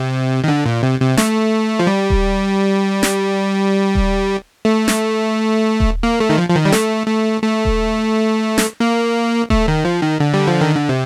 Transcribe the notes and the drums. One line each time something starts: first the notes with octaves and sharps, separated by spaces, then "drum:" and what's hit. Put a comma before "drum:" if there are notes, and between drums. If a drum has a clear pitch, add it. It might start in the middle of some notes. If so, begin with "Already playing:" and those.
Already playing: C3
D#3
D3
A#2
C3
C3
A3, drum: snare
F3
G3
drum: kick D#1
drum: snare
drum: kick D#1
A3
drum: snare
drum: kick D#1
A#3
A3
D#3
F3
F3
D#3
G3
A3, drum: snare
A3
A3
drum: kick D#1
drum: snare
A#3
A3, drum: kick D#1
D#3
F3
D#3
D3
G3
F3
D#3
D3
C3